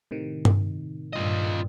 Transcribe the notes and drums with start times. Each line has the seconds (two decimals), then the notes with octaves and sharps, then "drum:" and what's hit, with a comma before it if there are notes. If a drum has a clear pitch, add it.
0.11 A2 C3 D#3
0.45 drum: tom G2
1.13 G2 A#2 F4 D#5